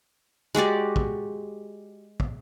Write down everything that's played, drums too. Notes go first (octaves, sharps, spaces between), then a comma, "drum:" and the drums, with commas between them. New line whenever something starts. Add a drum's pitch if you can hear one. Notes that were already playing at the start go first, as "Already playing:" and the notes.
G#3 F#4 G4 D5
drum: kick
drum: kick